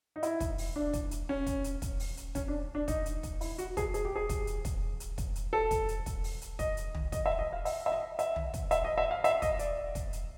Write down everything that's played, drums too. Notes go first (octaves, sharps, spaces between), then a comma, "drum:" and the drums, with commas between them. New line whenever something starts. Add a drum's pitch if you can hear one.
D#4
E4, drum: hi-hat
drum: kick, hi-hat
drum: open hi-hat
D4
drum: kick, hi-hat
drum: hi-hat
C#4
drum: kick, hi-hat
drum: hi-hat
drum: kick, hi-hat
drum: open hi-hat
drum: hi-hat
C#4, drum: kick, hi-hat
D4
D4
D#4, drum: kick, hi-hat
drum: hi-hat
drum: kick, hi-hat
E4, drum: open hi-hat
F#4, drum: hi-hat
G#4, drum: kick, hi-hat
G#4, drum: hi-hat
G4
G#4
drum: kick, hi-hat
drum: hi-hat
drum: kick, hi-hat
drum: hi-hat
drum: kick, hi-hat
drum: hi-hat
A4
drum: kick, hi-hat
drum: hi-hat
drum: kick, hi-hat
drum: open hi-hat
drum: hi-hat
D#5, drum: kick, hi-hat
drum: hi-hat
drum: tom
D#5, drum: kick, hi-hat
E5
D#5
F5
E5, drum: open hi-hat
E5
D#5
E5, drum: hi-hat
drum: tom
drum: kick, hi-hat
E5, drum: hi-hat
D#5
E5
F5
E5, drum: hi-hat
D#5, drum: kick, hi-hat
D5, drum: hi-hat
drum: kick, hi-hat
drum: hi-hat